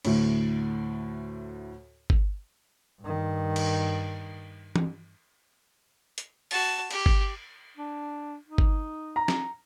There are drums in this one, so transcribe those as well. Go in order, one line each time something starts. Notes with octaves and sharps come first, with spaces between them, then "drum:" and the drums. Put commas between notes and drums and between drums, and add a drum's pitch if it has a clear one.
D2 A2, drum: cymbal
drum: kick G1
G2 D#3
drum: cymbal
drum: tom E3
drum: hi-hat
F#4 A5, drum: open hi-hat
G4, drum: cymbal
drum: kick G1
D4
D#4
drum: kick G1
A#5
drum: snare